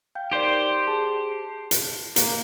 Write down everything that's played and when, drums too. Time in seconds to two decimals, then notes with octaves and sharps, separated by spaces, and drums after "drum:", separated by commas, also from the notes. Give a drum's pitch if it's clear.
0.15 F5 G5 G6
0.31 D#4 G4 A#4 C5 D5
0.87 G#4 A5
1.32 C7
1.71 drum: hi-hat
2.16 A#3, drum: hi-hat